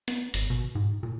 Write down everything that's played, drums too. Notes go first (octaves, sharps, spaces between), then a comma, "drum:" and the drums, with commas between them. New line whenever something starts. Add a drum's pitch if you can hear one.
B3, drum: hi-hat
G#1, drum: hi-hat
B2
G#2
A#2